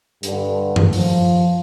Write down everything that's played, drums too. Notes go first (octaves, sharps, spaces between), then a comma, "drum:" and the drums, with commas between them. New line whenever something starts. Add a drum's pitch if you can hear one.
G2 D3, drum: hi-hat
drum: tom F#2
F3, drum: open hi-hat